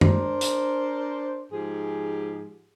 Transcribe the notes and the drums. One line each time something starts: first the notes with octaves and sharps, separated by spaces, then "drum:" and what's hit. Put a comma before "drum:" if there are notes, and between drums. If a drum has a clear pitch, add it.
D4 A#4 C5, drum: tom F#2
drum: hi-hat
G#2 F3 G4 G#4